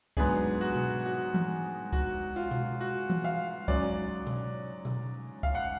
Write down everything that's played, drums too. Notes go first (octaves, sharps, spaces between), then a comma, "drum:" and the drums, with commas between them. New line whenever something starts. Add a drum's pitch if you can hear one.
G#2 F#3 B3 D4 G#4, drum: kick
F#4
drum: tom B2
F#4
drum: tom E3
F#4, drum: kick
F4
drum: tom B2
F#4
drum: tom E3
F5
G#2 F#3 C#4 D5, drum: kick
drum: tom B2
drum: tom B2
F5, drum: kick
F#5